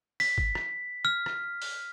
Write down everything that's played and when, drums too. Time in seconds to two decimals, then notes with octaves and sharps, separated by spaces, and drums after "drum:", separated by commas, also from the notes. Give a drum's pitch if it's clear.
0.20 B6, drum: open hi-hat
0.38 drum: kick
0.55 drum: rim click
1.05 F6
1.26 drum: rim click
1.62 drum: open hi-hat